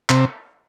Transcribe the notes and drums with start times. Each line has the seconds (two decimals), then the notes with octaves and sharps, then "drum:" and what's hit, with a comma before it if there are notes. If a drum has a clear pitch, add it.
0.10 C3, drum: clap